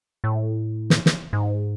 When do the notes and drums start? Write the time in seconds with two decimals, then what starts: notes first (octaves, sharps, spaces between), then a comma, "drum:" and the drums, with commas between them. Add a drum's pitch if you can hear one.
0.24 A2
0.90 drum: snare
1.06 drum: snare
1.33 G#2